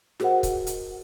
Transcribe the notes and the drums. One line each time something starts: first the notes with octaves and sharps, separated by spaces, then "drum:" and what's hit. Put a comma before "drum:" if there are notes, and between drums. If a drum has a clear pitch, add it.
F#4 G#4 A#4 C5 D#5 F#5, drum: snare
drum: kick C#1, hi-hat
drum: hi-hat